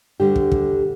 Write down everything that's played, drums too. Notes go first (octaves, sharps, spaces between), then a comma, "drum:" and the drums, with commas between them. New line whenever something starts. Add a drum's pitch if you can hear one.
D2 D3 G3 D4 G4
drum: kick
drum: kick